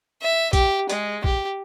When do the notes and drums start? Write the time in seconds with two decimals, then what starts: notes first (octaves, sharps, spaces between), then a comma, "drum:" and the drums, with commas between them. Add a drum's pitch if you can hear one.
0.22 E5
0.53 G4, drum: kick, hi-hat
0.90 G#3, drum: hi-hat
1.24 G4, drum: kick